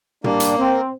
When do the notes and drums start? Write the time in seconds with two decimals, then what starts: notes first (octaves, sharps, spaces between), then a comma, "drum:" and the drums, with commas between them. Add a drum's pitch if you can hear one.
0.24 G3 A#3 D4, drum: tom
0.40 drum: hi-hat
0.59 C4